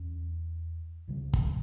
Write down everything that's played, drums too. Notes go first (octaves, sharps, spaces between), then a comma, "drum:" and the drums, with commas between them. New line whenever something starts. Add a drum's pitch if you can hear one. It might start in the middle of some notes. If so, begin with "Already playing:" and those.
Already playing: E2 C#4
C#2 C#3 G3
drum: kick